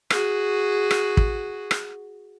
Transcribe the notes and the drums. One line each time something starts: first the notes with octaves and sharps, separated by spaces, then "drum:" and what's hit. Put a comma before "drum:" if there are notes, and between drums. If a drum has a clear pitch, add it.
F#4 G#4, drum: rim click
drum: rim click
drum: kick
drum: rim click